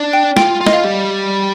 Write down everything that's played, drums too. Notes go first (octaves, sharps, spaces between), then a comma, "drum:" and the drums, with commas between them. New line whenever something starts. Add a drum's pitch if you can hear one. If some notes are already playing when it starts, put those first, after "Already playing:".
Already playing: D4
G5
F4 G5, drum: snare
F4
D#5, drum: snare
F5
G3